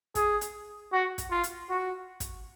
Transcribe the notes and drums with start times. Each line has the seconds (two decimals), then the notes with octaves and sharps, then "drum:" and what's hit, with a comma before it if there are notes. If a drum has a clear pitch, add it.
0.15 G#4, drum: kick, hi-hat
0.41 drum: hi-hat
0.92 F#4
1.18 drum: kick, hi-hat
1.31 F4
1.44 drum: hi-hat
1.70 F#4
2.20 drum: kick, hi-hat